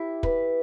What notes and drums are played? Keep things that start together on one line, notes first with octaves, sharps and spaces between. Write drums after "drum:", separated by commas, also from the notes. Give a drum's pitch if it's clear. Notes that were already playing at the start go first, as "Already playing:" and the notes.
Already playing: E4 G4
B4, drum: kick